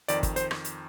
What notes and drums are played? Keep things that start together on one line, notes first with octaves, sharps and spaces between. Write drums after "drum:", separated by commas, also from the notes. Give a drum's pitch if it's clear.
F2 D#3 D5, drum: hi-hat
drum: kick, hi-hat
C5, drum: hi-hat
drum: rim click
drum: hi-hat